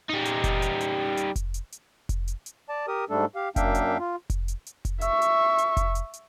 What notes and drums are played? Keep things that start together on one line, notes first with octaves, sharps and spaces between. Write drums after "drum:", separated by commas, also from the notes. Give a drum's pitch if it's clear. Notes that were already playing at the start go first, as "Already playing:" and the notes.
G3 D#4
drum: hi-hat
drum: kick F1, hi-hat
drum: hi-hat
drum: hi-hat
drum: hi-hat
drum: kick F1, hi-hat
drum: hi-hat
drum: hi-hat
drum: kick F1, hi-hat
drum: hi-hat
drum: hi-hat
D5 A5
G4 A#4 D#6
G#2 G3 A3 D4 A4
G4 F5
F#2 A#3 D4 E5 F5 G5, drum: kick F1, hi-hat
drum: hi-hat
F4
drum: kick F1, hi-hat
drum: hi-hat
drum: hi-hat
drum: kick F1, hi-hat
E5 C#6, drum: hi-hat
drum: hi-hat
drum: hi-hat
drum: kick F1, hi-hat
drum: hi-hat
drum: hi-hat